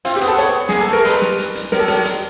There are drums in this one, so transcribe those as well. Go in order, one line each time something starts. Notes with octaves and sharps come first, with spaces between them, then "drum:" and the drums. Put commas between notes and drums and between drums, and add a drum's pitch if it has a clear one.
C4 F4, drum: hi-hat
G4
B3, drum: hi-hat
A4
C#5, drum: hi-hat
A#3 G#4, drum: snare
A4
A3 A#4
G3 B4, drum: hi-hat
drum: snare
drum: hi-hat
drum: hi-hat
F#3 A#4, drum: snare
A4
F#3 A#4, drum: hi-hat
G3, drum: hi-hat